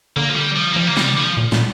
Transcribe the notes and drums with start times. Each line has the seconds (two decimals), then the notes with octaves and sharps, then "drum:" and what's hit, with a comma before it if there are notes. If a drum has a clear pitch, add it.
0.17 D3 A#3
0.29 F3
0.36 G3
0.56 F3
0.73 A#3
0.76 F3 G3
0.87 D3 A#3
0.97 C3 G3, drum: snare
1.14 D3 F3
1.37 A#2
1.52 A#2, drum: snare